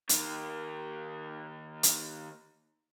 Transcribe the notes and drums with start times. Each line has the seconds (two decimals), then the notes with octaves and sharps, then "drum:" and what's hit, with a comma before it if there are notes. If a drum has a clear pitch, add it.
0.09 D#3 A#3, drum: hi-hat
1.83 drum: hi-hat